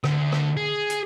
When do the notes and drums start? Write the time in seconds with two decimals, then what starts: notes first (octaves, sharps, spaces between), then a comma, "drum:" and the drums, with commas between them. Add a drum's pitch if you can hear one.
0.04 D2, drum: rim click
0.32 drum: rim click
0.57 G#4
0.90 drum: hi-hat